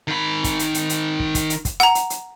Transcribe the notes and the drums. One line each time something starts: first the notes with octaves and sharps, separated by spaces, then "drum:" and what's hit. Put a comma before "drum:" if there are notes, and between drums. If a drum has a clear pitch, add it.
D#3 B5
drum: kick, hi-hat
drum: hi-hat
drum: hi-hat
drum: hi-hat
drum: kick
drum: kick, hi-hat
drum: hi-hat
drum: kick, hi-hat
F#5 A#5, drum: hi-hat
drum: hi-hat
drum: hi-hat